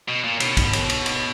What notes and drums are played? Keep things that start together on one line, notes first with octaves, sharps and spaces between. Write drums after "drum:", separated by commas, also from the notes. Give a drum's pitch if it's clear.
B2
A#2
B2, drum: cymbal
drum: kick, cymbal
drum: cymbal
drum: cymbal
drum: cymbal